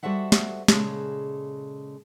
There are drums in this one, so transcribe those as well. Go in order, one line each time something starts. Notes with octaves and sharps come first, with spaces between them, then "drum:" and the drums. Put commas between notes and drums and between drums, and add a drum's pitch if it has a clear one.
G3 F#4 A4 C5 E5 F#5
drum: snare
A#2 C#3 G#3 A4, drum: snare